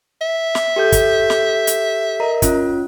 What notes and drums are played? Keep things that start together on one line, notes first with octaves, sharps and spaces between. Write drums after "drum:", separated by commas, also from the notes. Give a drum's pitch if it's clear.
E5
drum: snare
G4 A4 G6
drum: kick, hi-hat
drum: snare
drum: hi-hat
A#4 D#5 A#5
C#4 F4, drum: kick, hi-hat